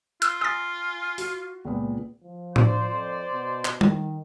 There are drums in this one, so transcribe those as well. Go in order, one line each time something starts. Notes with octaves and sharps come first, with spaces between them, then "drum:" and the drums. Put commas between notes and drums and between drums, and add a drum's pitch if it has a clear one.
F4 E6, drum: hi-hat
G#5 A#5 D#6 A6
F#4, drum: open hi-hat
C#2 A#2 B3
F3
C5 D5, drum: tom A2
F2
B2
drum: clap
D#3, drum: tom G3